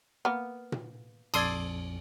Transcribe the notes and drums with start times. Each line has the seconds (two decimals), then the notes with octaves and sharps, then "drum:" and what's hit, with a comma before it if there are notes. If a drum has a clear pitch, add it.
0.25 A#3 B3 F6
0.72 drum: tom A#2
1.34 A#1 F2 D5 A5 C6 D#6 E6 G#6, drum: cymbal